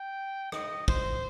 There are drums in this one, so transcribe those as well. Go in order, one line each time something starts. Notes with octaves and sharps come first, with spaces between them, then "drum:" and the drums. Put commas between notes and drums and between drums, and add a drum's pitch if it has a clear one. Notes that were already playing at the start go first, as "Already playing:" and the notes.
Already playing: G5
D#5, drum: rim click
C5, drum: kick